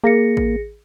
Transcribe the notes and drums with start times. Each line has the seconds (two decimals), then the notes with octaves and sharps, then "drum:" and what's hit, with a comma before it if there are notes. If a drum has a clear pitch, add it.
0.04 A#3 G#4 A#6 C#7
0.37 drum: kick A1